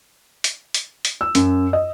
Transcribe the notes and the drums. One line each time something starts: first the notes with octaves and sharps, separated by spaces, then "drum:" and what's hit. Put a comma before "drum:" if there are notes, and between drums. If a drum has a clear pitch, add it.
drum: hi-hat
drum: hi-hat
drum: hi-hat
E6
F#2, drum: hi-hat
D#5